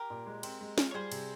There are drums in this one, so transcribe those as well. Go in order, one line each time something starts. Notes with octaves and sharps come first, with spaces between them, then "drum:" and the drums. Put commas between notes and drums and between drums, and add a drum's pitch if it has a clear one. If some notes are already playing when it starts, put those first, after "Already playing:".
Already playing: G4 A#4
A#2
G#3
C4, drum: cymbal
G#3
F4, drum: snare
C#5
G3 G#4 C5
C3, drum: cymbal